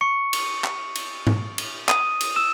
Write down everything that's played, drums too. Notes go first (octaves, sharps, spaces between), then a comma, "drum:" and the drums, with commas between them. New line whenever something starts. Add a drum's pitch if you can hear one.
C#6 C#7
drum: cymbal
drum: clap
drum: cymbal
drum: tom G#2
drum: cymbal
D#6 D#7, drum: clap
drum: cymbal
E6 E7